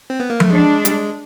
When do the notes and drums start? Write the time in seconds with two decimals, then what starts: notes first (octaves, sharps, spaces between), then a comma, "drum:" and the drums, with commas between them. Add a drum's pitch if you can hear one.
0.10 C4
0.20 B3
0.30 A#3
0.40 A3, drum: tom F3
0.50 G#3 D4
0.85 G3, drum: hi-hat
0.91 G#3